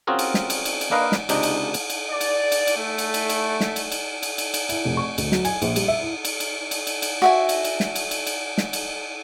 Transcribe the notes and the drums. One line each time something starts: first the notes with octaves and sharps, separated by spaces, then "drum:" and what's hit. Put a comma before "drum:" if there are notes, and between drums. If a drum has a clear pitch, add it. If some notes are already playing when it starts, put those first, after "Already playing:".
C4 C#4 F4 F#4 G#4 A#4
drum: cymbal
drum: snare
drum: cymbal
drum: cymbal
drum: cymbal
A#3 D4 A#4 B4 D#5 F5
drum: snare
C#2 C3 G#3 D4 D#4, drum: cymbal
drum: cymbal
drum: cymbal
drum: cymbal
D5
drum: cymbal
drum: cymbal
drum: cymbal
A3
drum: cymbal
drum: cymbal
drum: cymbal
drum: snare
drum: cymbal
drum: cymbal
drum: cymbal
drum: cymbal
drum: cymbal
E4, drum: cymbal
F1
C#6
D2, drum: cymbal
F#3, drum: snare
G#5, drum: cymbal
A#1, drum: cymbal
G3, drum: cymbal
E5
E4
drum: cymbal
drum: cymbal
drum: cymbal
drum: cymbal
drum: cymbal
F#4 E5 G#5
drum: cymbal
drum: cymbal
drum: snare
drum: cymbal
drum: cymbal
drum: cymbal
drum: snare
drum: cymbal